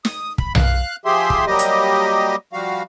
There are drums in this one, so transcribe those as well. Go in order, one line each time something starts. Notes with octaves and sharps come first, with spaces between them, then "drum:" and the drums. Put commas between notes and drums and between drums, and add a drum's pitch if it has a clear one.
D#6, drum: snare
B5, drum: kick
F5 F#6, drum: tom B1
F3 G4 G#4 E5 C6
drum: kick
F#3 G3 A#3 G4 D#5
drum: hi-hat
F3 G3 F#4 F5